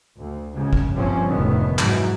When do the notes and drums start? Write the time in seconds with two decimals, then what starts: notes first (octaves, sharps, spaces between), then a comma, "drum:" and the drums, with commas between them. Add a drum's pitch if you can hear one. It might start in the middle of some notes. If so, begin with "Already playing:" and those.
0.21 D2
0.53 C#2 C#3
0.73 drum: kick
0.94 A#1 G2 C3 F3 C4 C#4
1.27 F1 D2 A2 D#3 B3
1.79 G#2 E3 F#3, drum: clap